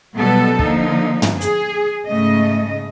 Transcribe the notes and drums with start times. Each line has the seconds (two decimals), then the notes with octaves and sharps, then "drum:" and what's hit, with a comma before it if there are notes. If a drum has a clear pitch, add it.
0.16 B2 F#3 G3 B3 A4
0.59 D3 F3 A#3 D#4, drum: kick
1.22 drum: tom
1.41 G#4, drum: hi-hat
2.08 G#2 C#3 A3 D#5